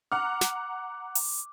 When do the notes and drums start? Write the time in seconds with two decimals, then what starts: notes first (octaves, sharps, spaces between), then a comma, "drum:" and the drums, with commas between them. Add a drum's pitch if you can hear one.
0.12 F#5 A#5 D6 F6
0.41 drum: snare
1.15 drum: open hi-hat